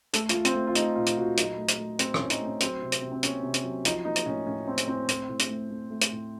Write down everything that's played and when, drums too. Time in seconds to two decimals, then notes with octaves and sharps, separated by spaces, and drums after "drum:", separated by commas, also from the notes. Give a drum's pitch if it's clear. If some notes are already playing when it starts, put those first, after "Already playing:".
0.13 A3 A4, drum: hi-hat
0.29 F4, drum: hi-hat
0.34 A3
0.45 C4, drum: hi-hat
0.55 A3
0.67 F4
0.75 A3 D#4, drum: hi-hat
0.96 A#2 F4
1.06 drum: hi-hat
1.17 A#2 F#4
1.37 F#3 D#4, drum: hi-hat
1.58 A3
1.68 drum: hi-hat
1.78 A3
1.99 A3 C4, drum: hi-hat
2.14 C#4, drum: rim click
2.19 A2
2.30 D#4, drum: hi-hat
2.41 A3 C#4
2.60 F#3 C4, drum: hi-hat
2.82 C3
2.92 drum: hi-hat
3.02 C3
3.12 C4
3.23 A#3 C#4, drum: hi-hat
3.43 C3
3.54 drum: hi-hat
3.64 F#3
3.85 F3 D#4, drum: hi-hat
4.05 A#3 D#4
4.16 drum: hi-hat
4.26 A2 C#4
4.47 A2 C#4
4.67 A#3 C4
4.77 drum: hi-hat
4.88 A2 C4
5.08 A2, drum: hi-hat
5.29 A2
5.39 drum: hi-hat
5.49 A3
5.70 A3
5.90 A3
6.01 drum: hi-hat
6.12 A2